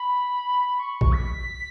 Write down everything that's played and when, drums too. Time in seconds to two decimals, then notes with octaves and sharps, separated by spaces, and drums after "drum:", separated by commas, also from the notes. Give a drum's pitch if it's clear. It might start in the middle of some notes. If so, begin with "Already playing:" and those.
Already playing: B5
0.79 C#6
1.01 drum: kick A#1
1.12 B6